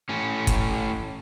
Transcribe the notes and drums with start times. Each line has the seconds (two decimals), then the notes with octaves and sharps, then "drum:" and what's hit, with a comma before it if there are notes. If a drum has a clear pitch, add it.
0.09 A2 C#4
0.47 drum: kick, hi-hat